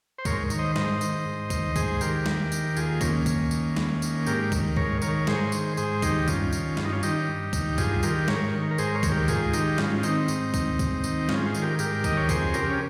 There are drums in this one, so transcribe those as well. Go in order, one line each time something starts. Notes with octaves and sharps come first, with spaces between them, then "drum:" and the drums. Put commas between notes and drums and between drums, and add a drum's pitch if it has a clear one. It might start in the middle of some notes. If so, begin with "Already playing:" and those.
C5
G#2 A#4 C#5, drum: kick C#2, tambourine
D#3, drum: tambourine
C5 D#5
G#2 C5 D#5, drum: snare
D#3, drum: tambourine
G#2
D#3, drum: kick C#2, tambourine
G#2 G#4 C5, drum: kick C#2, tambourine
D#3 G4 A#4, drum: tambourine
D#2, drum: snare
D#3, drum: tambourine
D#2 F4 G#4, drum: tambourine
D#3 A#3 C#4, drum: kick C#2, tambourine
D#2, drum: kick C#2, tambourine
D#3, drum: tambourine
D#2, drum: snare
D#3, drum: tambourine
G#2 G4 A#4, drum: tambourine
D#3, drum: kick C#2, tambourine
G#2 A#4 C#5, drum: kick C#2
D#3 A#4 C#5, drum: tambourine
G#2 G#4 C5, drum: snare
D#3, drum: tambourine
G#2 G#4 C5, drum: tambourine
D#3 D#4 G4, drum: kick C#2, tambourine
G2 C#4 F4, drum: kick C#2, tambourine
D#3, drum: tambourine
G2 F4, drum: snare
D#4
C#4 F4
D#3 D#4 G4, drum: tambourine
G2
D#3, drum: kick C#2, tambourine
G2 F4 G#4, drum: kick C#2, tambourine
D#3 G4 A#4, drum: tambourine
G#2 A#4 C#5, drum: snare
D#3
A#4
G#2 G#4 C5, drum: tambourine
A#4 C#5
D#3, drum: kick C#2, tambourine
G4 A#4
G#2 F4 G#4, drum: kick C#2, tambourine
D#3 D#4 G4, drum: tambourine
G#2 C#4 F4, drum: snare
F4
D#3 C4 D#4, drum: tambourine
G#2, drum: tambourine
D#3, drum: kick C#2, tambourine
G#2, drum: kick C#2, tambourine
D#3, drum: tambourine
G#2 C#4 F4, drum: snare
F4 G#4
D#3, drum: tambourine
G4 A#4
G#2 G4 A#4, drum: tambourine
D#3 D#5, drum: kick C#2, tambourine
C#5
F2 G#4 C5, drum: kick C#2, tambourine
C#3 G4 A#4, drum: tambourine
C#4